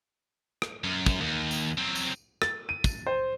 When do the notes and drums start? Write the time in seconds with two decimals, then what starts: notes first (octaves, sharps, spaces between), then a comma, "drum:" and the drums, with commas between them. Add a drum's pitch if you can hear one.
0.62 drum: rim click
0.84 F#2
1.06 drum: kick, tambourine
1.21 D#2
1.51 drum: tambourine
1.78 F#3 C4
1.95 drum: tambourine
2.42 A6, drum: rim click
2.69 D#7
2.84 drum: kick, tambourine
3.07 C5